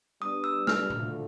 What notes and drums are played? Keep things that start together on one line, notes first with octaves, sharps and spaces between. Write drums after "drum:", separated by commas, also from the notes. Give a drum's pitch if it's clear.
G3 B3 D4 D#6
E6
F6, drum: snare
D2 D3 F3 A3, drum: tom A2